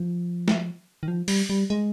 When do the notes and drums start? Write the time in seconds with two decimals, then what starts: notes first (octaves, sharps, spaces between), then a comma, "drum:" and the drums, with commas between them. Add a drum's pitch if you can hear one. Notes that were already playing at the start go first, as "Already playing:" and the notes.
Already playing: F3
0.48 drum: snare
1.03 D#3
1.08 F3
1.28 G3, drum: open hi-hat
1.50 G3
1.70 G#3